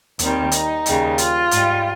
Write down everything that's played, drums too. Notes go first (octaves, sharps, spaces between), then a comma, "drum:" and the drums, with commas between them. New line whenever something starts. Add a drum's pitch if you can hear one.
D#2 D#3 G3 C4, drum: hi-hat
D#4, drum: hi-hat
D#2 C#3 G3, drum: hi-hat
F4, drum: hi-hat
G#2 G3, drum: hi-hat